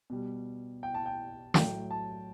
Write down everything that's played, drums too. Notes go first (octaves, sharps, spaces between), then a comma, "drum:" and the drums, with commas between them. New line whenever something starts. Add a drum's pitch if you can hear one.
B2 G3
G5
A5
G5
A2 F#3 G5, drum: snare
A5